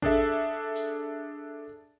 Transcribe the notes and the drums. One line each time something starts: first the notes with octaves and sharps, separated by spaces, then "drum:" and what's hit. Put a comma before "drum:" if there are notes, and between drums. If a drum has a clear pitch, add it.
D4 G#4 A4 E5, drum: kick G#1
drum: tambourine